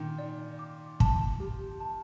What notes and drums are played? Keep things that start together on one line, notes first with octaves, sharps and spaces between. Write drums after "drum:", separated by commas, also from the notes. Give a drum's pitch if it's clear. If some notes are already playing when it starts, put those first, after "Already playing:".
Already playing: A#2 D#3
D5
D6
A5, drum: kick
G4
A5